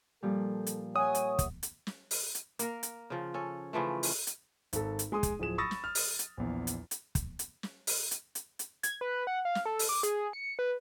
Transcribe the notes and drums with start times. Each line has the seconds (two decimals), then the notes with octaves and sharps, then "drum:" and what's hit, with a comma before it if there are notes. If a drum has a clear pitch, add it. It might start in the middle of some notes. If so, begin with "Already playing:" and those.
0.23 A#2 F3 G3 A4
0.67 drum: hi-hat
0.96 C#5 E5 F#5 G#5 D#6
1.15 drum: hi-hat
1.39 drum: kick, hi-hat
1.63 drum: hi-hat
1.87 drum: snare
2.11 drum: open hi-hat
2.35 drum: hi-hat
2.59 A#3 A#4, drum: hi-hat
2.83 drum: hi-hat
3.10 C#3 F3
3.34 C#4 A4
3.73 C#3 E3 F3 A3
4.03 drum: open hi-hat
4.27 drum: hi-hat
4.73 G#1 A4, drum: hi-hat
4.99 drum: hi-hat
5.12 G#3 G#4 C6 D#6
5.23 drum: kick, hi-hat
5.39 D1 F3 G#4 E7
5.58 B5 C#6 D#6 E6 A6 A#6
5.71 drum: snare
5.84 F6
5.95 drum: open hi-hat
6.19 drum: hi-hat
6.38 A#1 E2
6.67 drum: hi-hat
6.91 drum: hi-hat
7.15 drum: kick, hi-hat
7.39 drum: hi-hat
7.63 drum: snare
7.87 drum: open hi-hat
8.11 drum: hi-hat
8.35 drum: hi-hat
8.59 drum: hi-hat
8.83 G#6, drum: hi-hat
9.01 B4
9.27 F#5
9.45 F5
9.55 drum: snare
9.66 A4
9.79 drum: open hi-hat
9.89 D6
10.03 G#4, drum: hi-hat
10.33 C#7
10.59 B4